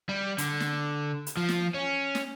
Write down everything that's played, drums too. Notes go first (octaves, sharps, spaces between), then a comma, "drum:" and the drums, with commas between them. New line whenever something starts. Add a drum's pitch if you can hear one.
G3
D3, drum: hi-hat
drum: snare
drum: hi-hat
F3
drum: snare
C#4
drum: snare